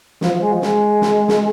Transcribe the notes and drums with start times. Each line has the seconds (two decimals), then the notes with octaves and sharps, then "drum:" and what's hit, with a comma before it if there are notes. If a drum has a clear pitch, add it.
0.21 F3, drum: snare
0.32 F3
0.41 G#3
0.52 F3
0.62 G#3, drum: snare
1.01 drum: snare
1.28 drum: snare